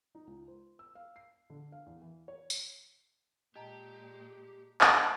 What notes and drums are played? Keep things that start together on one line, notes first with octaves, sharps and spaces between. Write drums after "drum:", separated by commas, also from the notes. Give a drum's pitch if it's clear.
D#4
C#2
C5
E6
F5
C7
D3
F5
E2
E3
C#5
drum: tambourine
A#2 G#3 G4 D#5 A5 A#5
drum: clap